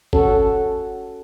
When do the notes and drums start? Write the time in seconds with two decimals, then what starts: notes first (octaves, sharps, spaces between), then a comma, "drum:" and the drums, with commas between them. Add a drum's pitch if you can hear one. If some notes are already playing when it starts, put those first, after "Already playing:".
0.13 C#4 F#4 A4, drum: kick